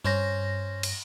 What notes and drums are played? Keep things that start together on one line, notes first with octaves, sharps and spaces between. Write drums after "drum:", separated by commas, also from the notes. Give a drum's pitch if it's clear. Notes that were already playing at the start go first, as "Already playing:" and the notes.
G2 C#4 C5 A#6
drum: cymbal